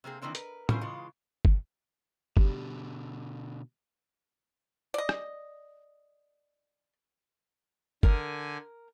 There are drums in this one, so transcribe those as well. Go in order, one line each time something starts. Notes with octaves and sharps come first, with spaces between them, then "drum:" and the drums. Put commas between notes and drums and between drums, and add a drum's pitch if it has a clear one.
C3 A#3 C4 G#4
D#3 E3 A#3 C4 D4
A#4 B4, drum: hi-hat
C#4 E4 F4 A#4 C5 G#5, drum: tom A2
C#3 E3 G#3 F4
drum: kick F#1
B2 D3 G3, drum: kick F#1
D5 D#5
drum: rim click
D3 A#4 G#5, drum: kick F#1